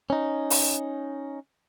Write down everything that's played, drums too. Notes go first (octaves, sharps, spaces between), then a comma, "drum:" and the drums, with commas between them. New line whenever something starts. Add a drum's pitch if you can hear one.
C#4 D#4
drum: open hi-hat